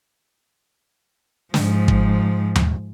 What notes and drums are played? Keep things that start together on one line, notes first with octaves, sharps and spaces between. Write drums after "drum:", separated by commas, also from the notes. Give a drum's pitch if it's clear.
G#2 F3, drum: snare
drum: kick
drum: tom D#2